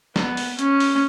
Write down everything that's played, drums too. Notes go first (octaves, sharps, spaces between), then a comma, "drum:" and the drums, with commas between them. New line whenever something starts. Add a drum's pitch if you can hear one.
B3, drum: snare
drum: open hi-hat
C#4, drum: hi-hat
drum: open hi-hat